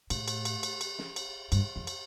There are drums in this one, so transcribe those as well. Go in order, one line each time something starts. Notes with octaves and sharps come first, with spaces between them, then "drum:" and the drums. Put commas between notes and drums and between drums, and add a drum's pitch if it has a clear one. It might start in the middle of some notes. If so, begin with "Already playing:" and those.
A2, drum: cymbal
drum: cymbal
drum: cymbal
drum: cymbal
drum: cymbal
drum: snare
drum: cymbal
G2, drum: cymbal
F2
drum: cymbal